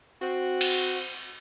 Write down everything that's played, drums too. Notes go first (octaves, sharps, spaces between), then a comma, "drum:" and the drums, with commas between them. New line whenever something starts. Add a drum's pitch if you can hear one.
C4 F#4
drum: cymbal